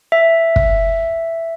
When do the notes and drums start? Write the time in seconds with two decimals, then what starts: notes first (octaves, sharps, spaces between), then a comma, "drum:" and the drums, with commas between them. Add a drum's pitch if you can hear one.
0.12 E5
0.56 drum: kick